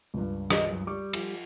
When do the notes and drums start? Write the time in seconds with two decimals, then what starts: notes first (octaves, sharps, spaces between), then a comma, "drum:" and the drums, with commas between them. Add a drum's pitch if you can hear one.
0.14 C#2 G2
0.50 F#4 D5 D#5, drum: rim click
0.70 F#2
0.87 G3 D5 C#6 D6
1.13 F3, drum: cymbal